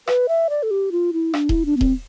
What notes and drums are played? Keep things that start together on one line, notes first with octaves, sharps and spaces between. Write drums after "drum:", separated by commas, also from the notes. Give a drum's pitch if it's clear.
B4, drum: rim click
E5
D5
A4
G4
F4
E4
D4, drum: rim click
E4, drum: kick D#1
D4
B3
C4, drum: kick D#1